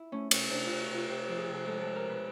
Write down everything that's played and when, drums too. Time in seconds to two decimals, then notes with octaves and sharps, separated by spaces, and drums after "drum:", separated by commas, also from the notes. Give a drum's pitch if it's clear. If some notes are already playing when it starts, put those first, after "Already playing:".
Already playing: E4
0.12 A3 C#4
0.31 C3 C#4, drum: cymbal
0.51 C3 D4
0.66 C3 F4
0.80 F#4
0.90 C3 F4
1.09 C3 G4
1.28 F3
1.38 G#4
1.48 C3
1.53 A4
1.67 G#3 A4
1.81 G#3 A4
1.96 A#4
2.06 B2 B4